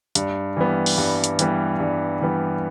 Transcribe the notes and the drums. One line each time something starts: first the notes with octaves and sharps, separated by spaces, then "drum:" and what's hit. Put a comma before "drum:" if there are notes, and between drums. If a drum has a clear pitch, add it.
G2, drum: hi-hat
E3 G3 B3
drum: open hi-hat
G2
drum: hi-hat
E3 G3 B3, drum: hi-hat
G2
E3 G3 B3